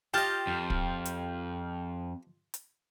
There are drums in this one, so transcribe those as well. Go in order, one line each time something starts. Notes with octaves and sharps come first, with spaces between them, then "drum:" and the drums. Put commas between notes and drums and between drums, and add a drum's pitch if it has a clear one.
F4 G4 D#5 G5 A5 F6 G6
F2
drum: kick
drum: hi-hat
drum: hi-hat